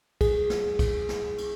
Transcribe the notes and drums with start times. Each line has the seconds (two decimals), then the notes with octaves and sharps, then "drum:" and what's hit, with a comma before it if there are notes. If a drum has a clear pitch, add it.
0.21 G#4, drum: kick, cymbal
0.50 drum: snare
0.79 drum: kick, cymbal
1.09 drum: snare
1.38 drum: cymbal